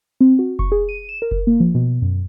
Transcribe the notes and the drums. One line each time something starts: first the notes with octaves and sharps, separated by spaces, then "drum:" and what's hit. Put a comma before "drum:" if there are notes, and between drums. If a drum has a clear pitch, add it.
C4
F#4
C#6, drum: kick F1
G#4
D#7
E7
A#4
drum: kick F1
A#3
F3
B2
F#2